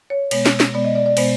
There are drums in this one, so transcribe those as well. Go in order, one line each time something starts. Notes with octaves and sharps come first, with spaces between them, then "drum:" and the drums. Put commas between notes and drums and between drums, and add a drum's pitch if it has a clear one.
C#5
B2 G#3 B3 C#5, drum: cymbal
drum: snare
drum: snare
B2 G#3 B3 D5
D#5
D5
D5
B2 G#3 B3 C5, drum: cymbal